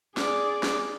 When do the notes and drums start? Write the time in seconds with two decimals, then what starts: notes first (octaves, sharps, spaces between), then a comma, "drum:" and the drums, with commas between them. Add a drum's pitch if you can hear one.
0.17 G#4 D5, drum: snare
0.63 drum: snare